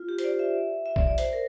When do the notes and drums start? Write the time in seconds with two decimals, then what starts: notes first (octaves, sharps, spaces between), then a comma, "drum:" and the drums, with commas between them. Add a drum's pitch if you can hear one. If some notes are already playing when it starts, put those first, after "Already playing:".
Already playing: F4
0.09 G4
0.18 C5, drum: hi-hat
0.24 D5
0.39 E5
0.86 E5
0.96 D5, drum: kick B1
1.07 D5
1.18 C5, drum: hi-hat
1.33 A#4